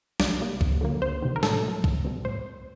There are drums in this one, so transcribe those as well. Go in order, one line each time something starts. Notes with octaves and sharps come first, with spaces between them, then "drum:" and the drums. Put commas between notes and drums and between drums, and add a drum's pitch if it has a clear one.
C2 D5, drum: snare
C3 G3 A#3
D2, drum: kick B1
D3 F#3 A#3
D2 C5
C3 D#3
A#4
A2 A4, drum: snare
F#3 A3
C2, drum: kick B1
C3 G3 C4
A2 C5